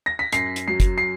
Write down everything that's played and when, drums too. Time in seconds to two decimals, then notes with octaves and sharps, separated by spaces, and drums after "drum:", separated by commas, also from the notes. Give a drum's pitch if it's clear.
0.06 A#6
0.19 B6
0.32 F#2 C7, drum: hi-hat
0.56 drum: hi-hat
0.68 F#3 C7
0.80 drum: kick, hi-hat
0.98 C7